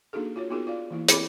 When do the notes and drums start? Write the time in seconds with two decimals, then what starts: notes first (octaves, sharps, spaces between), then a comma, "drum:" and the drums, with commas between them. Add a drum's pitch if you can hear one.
0.13 A#3 D4 D#4 F#4 G#4 A4
0.36 F4 F#4 C#5
0.50 B3 D#4 F4 F#4 G#4 A#4
0.67 F4 D5 F5
0.91 E3 A#3 E4
1.08 C4 E4 C#5 B5 D6, drum: hi-hat